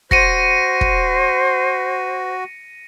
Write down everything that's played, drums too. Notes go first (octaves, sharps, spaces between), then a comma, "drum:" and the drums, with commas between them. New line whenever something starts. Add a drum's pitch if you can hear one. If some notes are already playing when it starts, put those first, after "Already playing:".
F#4 C5 A#6 C#7 D#7, drum: kick
drum: kick